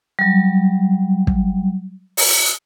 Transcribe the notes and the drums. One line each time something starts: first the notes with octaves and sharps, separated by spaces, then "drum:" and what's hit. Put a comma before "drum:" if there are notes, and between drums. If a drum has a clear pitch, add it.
F#3 G3
drum: kick
drum: open hi-hat